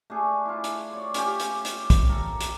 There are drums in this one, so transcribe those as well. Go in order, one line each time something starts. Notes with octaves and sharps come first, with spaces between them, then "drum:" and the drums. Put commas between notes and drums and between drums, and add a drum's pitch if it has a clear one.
A3 D4 G#4
E4 F4
drum: hi-hat
C#5 D5
C#4 F4 G4, drum: hi-hat
drum: hi-hat
drum: hi-hat
drum: kick, hi-hat
A4 A#4
drum: hi-hat